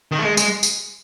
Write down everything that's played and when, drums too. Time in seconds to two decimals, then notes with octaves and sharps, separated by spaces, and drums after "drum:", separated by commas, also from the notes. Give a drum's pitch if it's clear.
0.11 D#3
0.19 A3
0.24 G#3
0.37 G#3, drum: tambourine
0.63 drum: tambourine